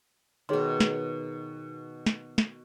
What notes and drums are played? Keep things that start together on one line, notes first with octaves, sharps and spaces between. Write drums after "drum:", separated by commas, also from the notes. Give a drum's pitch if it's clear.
B2 D#3 G#4 C#5 C6
drum: snare
drum: snare
drum: snare